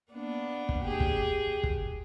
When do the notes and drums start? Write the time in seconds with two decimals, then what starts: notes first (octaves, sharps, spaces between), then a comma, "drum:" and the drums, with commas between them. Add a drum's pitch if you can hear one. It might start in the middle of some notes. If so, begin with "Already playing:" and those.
0.11 A#3 B3 D4
0.69 drum: kick
0.85 G4 G#4
1.00 drum: kick
1.63 drum: kick